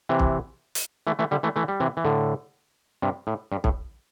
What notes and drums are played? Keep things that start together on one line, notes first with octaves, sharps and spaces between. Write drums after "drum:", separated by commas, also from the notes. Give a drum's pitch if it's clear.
C3 E3
drum: kick
drum: hi-hat
E3 A3
E3 A3
D3 G3
E3 A3
E3 A3
G3
C3 E3
E3
A2 D3
G2 C3
A2
G2
A2, drum: kick